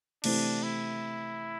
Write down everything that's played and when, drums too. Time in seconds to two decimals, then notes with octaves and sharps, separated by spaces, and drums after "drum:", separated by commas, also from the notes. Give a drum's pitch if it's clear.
0.24 C3 E3 A3 C4 D4, drum: cymbal
0.63 E4